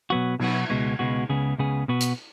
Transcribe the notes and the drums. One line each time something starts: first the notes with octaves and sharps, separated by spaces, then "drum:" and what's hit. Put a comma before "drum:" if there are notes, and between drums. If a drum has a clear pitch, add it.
B2 F#3 B3 F#4
B2 F#3 B3 F#4, drum: cymbal
C#2 B2 G#3 B3 F#4
C#2 B2 G#3 B3 F#4
C#2 C#3 B3 G#4
C#2 C#3 B3 G#4
B2 B3 F#4
drum: hi-hat